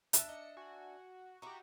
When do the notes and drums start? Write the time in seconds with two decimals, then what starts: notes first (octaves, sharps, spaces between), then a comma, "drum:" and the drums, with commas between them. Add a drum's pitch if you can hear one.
0.13 D4 E5, drum: hi-hat
0.29 D#5 C#7
0.57 F#4 G#5
1.42 D#4 E4 F#4 G4 A#5